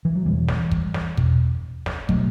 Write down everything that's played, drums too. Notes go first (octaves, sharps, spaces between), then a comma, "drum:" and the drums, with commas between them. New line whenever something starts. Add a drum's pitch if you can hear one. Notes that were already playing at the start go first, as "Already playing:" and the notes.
E3
F#3
E2 B2 E3 G3
drum: snare
drum: kick
drum: snare
E2 B2, drum: kick
drum: snare
B2 F#3 A3, drum: kick